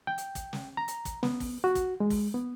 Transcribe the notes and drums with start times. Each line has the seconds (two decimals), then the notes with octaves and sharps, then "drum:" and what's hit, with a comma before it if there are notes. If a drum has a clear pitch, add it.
0.07 G5
0.18 drum: hi-hat
0.35 drum: kick, hi-hat
0.53 drum: snare
0.77 A#5
0.88 drum: hi-hat
1.05 drum: kick, hi-hat
1.23 B3, drum: snare
1.40 drum: kick, open hi-hat
1.64 F#4
1.75 drum: kick, hi-hat
2.00 G#3
2.10 drum: kick, open hi-hat
2.34 B3